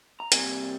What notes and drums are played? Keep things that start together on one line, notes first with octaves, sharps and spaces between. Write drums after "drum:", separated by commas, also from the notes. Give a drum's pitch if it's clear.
A#5
C3 G3 A#3 G#5, drum: hi-hat